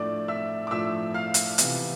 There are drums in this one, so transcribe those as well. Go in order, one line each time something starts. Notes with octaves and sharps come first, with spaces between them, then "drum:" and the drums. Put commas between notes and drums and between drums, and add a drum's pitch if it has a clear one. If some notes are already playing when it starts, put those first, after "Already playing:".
Already playing: A2 F3 A3 D4 D5 D6
E5 E6
D6
A2 F3 A3 D4 E5 E6
F5 F6
drum: hi-hat
C3 E3 B3 F4, drum: hi-hat